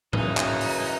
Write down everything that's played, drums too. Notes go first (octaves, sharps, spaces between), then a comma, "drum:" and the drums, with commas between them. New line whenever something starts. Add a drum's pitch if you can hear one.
F#2 C#3 E3 D#4, drum: tom G#2
drum: clap
drum: open hi-hat